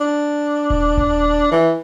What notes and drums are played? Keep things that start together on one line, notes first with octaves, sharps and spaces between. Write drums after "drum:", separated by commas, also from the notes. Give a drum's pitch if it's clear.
D4
drum: kick D#1
drum: kick D#1
E3